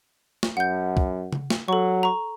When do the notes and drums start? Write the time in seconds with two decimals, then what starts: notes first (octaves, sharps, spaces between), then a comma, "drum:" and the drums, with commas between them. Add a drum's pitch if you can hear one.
0.43 drum: snare
0.57 F#2 F#5 G6
0.97 drum: kick C2
1.33 drum: tom C#3
1.50 drum: snare
1.68 F#3 A4 C#6
2.03 A#5 C#6